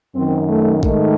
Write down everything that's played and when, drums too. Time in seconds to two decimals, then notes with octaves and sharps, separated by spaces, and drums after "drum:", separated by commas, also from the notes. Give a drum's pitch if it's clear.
0.15 F#2 D#3 C4
0.49 A3
0.83 G#2 D#3 A3, drum: kick A#1